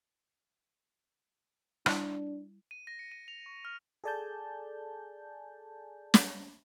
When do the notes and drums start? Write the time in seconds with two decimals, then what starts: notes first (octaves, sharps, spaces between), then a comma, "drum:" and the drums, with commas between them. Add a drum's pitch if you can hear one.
1.86 G3 D4 E4 A5, drum: rim click
2.71 D#7
2.87 A#6
2.99 C#7
3.12 D#7
3.28 F7
3.46 C#6
3.65 F6
4.04 G#4 A4 D5 G#5 A5 G6
6.14 drum: snare